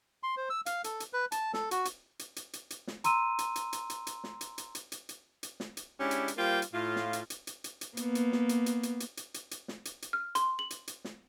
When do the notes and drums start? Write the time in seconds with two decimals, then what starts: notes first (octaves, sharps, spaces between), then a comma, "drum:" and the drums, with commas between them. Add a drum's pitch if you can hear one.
0.23 C6
0.37 C5
0.50 E6
0.66 F5, drum: hi-hat
0.84 A4, drum: hi-hat
1.00 drum: hi-hat
1.13 B4
1.32 A5, drum: hi-hat
1.54 A4, drum: snare
1.71 F#4, drum: hi-hat
1.85 drum: hi-hat
2.19 drum: hi-hat
2.36 drum: hi-hat
2.53 drum: hi-hat
2.70 drum: hi-hat
2.87 drum: snare
3.04 A#5 C6 E6 D#7, drum: hi-hat
3.39 drum: hi-hat
3.56 drum: hi-hat
3.73 drum: hi-hat
3.90 drum: hi-hat
4.07 drum: hi-hat
4.24 drum: snare
4.41 drum: hi-hat
4.58 drum: hi-hat
4.75 drum: hi-hat
4.92 drum: hi-hat
5.09 drum: hi-hat
5.43 drum: hi-hat
5.60 drum: snare
5.77 drum: hi-hat
6.00 G#3 C#4 D4 E4 G4
6.11 drum: hi-hat
6.28 drum: hi-hat
6.37 G3 A#3 F4 C5 G5
6.62 drum: hi-hat
6.73 A2 F4
6.96 drum: snare
7.13 drum: hi-hat
7.30 drum: hi-hat
7.47 drum: hi-hat
7.64 drum: hi-hat
7.81 drum: hi-hat
7.97 A#3 B3, drum: hi-hat
8.15 drum: hi-hat
8.32 drum: snare
8.49 drum: hi-hat
8.66 drum: hi-hat
8.83 drum: hi-hat
9.00 drum: hi-hat
9.17 drum: hi-hat
9.34 drum: hi-hat
9.51 drum: hi-hat
9.68 drum: snare
9.85 drum: hi-hat
10.02 drum: hi-hat
10.13 F6
10.35 C6, drum: hi-hat
10.59 F#7
10.70 drum: hi-hat
10.87 drum: hi-hat
11.05 drum: snare